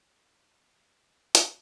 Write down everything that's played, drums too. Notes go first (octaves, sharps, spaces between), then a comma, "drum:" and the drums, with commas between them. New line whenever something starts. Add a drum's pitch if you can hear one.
F#6
D3
A3
C#4, drum: hi-hat